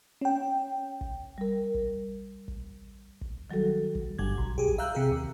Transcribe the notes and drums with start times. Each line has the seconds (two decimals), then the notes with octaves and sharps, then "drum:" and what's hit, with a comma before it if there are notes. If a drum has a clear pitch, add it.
0.21 C#4 G5
1.01 drum: kick
1.38 G3 A#4
1.74 drum: kick
2.48 drum: kick
3.21 drum: kick
3.50 D#3 F#3 G3 F#4 A4
3.95 drum: kick
4.18 G1 G3 G#6
4.38 B1
4.58 G4 G#4
4.69 drum: kick
4.78 E5 F5 A#5 E6 F#6 G6
4.95 C3 G#4
5.12 D#2